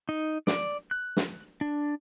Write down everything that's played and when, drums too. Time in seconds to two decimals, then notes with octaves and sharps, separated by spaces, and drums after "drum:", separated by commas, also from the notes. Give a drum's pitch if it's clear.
0.09 D#4
0.47 D5, drum: snare
0.91 F#6
1.17 drum: snare
1.61 D4